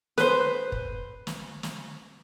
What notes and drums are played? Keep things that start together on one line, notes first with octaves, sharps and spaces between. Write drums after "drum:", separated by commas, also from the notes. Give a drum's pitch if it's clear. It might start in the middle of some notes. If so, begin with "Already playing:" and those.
B4 C5, drum: snare
drum: kick
drum: snare
drum: snare